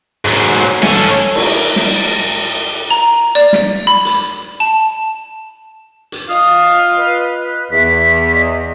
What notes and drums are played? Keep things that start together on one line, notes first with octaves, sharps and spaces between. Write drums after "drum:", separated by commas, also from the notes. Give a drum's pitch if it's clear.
G#2 F#3
C#4 A4, drum: snare
drum: cymbal
drum: snare
A#5
D5
drum: snare
B5
drum: hi-hat
A5
drum: hi-hat
F4 D#5 F5 D#6
B4
E2 B6
D#5